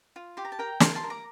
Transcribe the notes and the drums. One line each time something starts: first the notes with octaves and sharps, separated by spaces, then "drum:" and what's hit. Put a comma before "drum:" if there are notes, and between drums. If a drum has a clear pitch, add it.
F4
G4 C6
A#5
A5
A#4 G5 A#5
A#4 A5 C6, drum: snare
A5 C6
A#4
A#5 D6